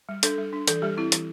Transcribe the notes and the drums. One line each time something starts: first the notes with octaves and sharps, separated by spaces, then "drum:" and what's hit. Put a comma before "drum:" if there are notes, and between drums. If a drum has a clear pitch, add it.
G3
D4 A4, drum: hi-hat
G3
D4
E3 A4, drum: hi-hat
G3 G4
C4 E4
E3, drum: hi-hat